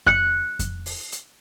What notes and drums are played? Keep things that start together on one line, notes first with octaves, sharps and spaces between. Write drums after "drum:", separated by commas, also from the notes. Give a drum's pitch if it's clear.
F#6 C#7, drum: kick F2
drum: kick F2, hi-hat
drum: open hi-hat
drum: hi-hat